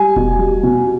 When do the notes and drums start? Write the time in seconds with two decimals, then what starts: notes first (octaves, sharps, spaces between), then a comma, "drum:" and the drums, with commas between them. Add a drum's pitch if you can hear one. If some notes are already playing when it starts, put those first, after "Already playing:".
Already playing: G3 G#5
0.16 B2, drum: kick E1
0.39 G3
0.63 B2